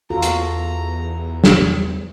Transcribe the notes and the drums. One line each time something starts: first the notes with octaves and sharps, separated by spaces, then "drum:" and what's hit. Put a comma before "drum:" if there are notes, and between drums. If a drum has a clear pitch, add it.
E2 F4 F#4 A4 A#5
drum: hi-hat
drum: snare